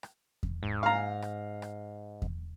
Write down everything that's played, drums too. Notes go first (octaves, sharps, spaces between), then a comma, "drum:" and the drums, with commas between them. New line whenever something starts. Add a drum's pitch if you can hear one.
drum: rim click
drum: kick E2
G#2
F5 A#5
drum: rim click
drum: rim click
drum: kick E2